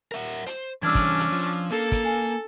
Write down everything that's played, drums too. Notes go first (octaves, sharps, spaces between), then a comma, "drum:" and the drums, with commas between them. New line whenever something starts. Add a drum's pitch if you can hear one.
A#4 E5 F#5
C5, drum: hi-hat
E3 G3 C#4 D4 E6 F6 G#6
drum: kick, hi-hat
drum: hi-hat
F3
A#3 A4
drum: kick, hi-hat
G#5